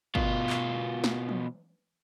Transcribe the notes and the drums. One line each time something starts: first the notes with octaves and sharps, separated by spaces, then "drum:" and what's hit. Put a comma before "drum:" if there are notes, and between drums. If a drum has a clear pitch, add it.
B2 F4, drum: kick
drum: clap
drum: snare
drum: tom